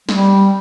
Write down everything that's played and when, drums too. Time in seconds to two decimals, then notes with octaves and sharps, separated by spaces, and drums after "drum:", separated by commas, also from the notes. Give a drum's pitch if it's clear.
0.09 G3, drum: snare